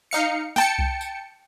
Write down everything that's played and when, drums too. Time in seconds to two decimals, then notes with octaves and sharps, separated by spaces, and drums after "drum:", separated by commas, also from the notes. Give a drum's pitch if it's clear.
0.11 D#4 F5 C#7
0.56 G5 A5 C#7, drum: snare
0.78 drum: kick C2
1.01 drum: tambourine